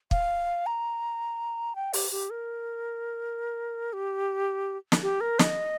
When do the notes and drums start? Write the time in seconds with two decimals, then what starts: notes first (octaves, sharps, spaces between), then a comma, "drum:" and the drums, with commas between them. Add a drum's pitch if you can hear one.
0.11 F5, drum: kick
0.66 A#5
1.75 G5
1.93 G4, drum: open hi-hat
2.11 G4
2.30 A#4
3.93 G4
4.92 drum: snare
5.03 G4
5.21 A#4
5.39 D#5, drum: snare